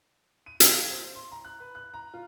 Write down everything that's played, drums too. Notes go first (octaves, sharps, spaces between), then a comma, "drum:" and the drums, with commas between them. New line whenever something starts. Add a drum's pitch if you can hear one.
D#7
G4, drum: hi-hat
F5
C5
C6
A#5
F#6
B4
F#6
A#5
F4